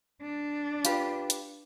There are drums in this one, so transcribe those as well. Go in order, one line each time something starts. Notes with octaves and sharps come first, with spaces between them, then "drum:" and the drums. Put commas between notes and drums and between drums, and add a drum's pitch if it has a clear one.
D4
F4 G4 B4, drum: hi-hat
drum: hi-hat